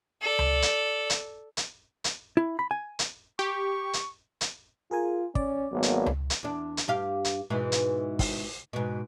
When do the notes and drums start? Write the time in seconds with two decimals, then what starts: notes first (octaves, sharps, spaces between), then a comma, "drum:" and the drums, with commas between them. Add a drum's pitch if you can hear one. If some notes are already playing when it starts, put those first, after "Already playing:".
0.22 A4 D5
0.39 drum: tom C#2
0.62 drum: hi-hat
1.10 drum: hi-hat
1.57 drum: hi-hat
2.04 drum: hi-hat
2.37 E4
2.59 B5
2.71 G#5
2.99 drum: hi-hat
3.39 G4 C#6
3.93 drum: hi-hat
4.41 drum: hi-hat
4.91 F4 G#4 A#4 G#5
5.35 C#4 D5, drum: kick
5.73 G#1 F#3 A#3 B3
5.83 drum: hi-hat
6.06 drum: tom C#2
6.30 drum: hi-hat
6.43 E2 D4
6.77 drum: hi-hat
6.88 G2 G4 F5
7.25 drum: hi-hat
7.50 G#2 B2 E3
7.72 drum: hi-hat
8.19 drum: kick, open hi-hat
8.73 G#2 B2